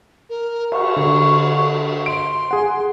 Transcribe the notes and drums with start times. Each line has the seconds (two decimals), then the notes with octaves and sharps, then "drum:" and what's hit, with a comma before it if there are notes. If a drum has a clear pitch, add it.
0.29 A#4
0.72 C#6, drum: cymbal
0.96 D3
2.06 C6 D7
2.51 G#4 F#5